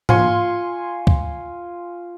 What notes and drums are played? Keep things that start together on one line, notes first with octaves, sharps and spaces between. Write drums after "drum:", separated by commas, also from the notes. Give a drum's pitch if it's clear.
F4 G#5 C6 C#6, drum: tom
drum: kick